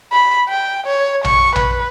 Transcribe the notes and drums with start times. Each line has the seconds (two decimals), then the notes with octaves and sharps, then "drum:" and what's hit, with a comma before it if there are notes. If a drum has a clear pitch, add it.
0.12 B5
0.49 G5
0.87 C#5
1.24 C#6, drum: tom A#1
1.55 B4, drum: tom A#1